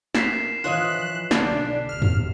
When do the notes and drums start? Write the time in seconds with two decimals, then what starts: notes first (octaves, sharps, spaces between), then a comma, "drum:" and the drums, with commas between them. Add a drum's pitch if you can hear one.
0.15 A#4 B6 C7 E7, drum: snare
0.64 E3 F3 F4 C#5 D#5 F#6
1.31 B1 D3 D4, drum: snare
1.89 G1 E2 F6
2.02 drum: tom E2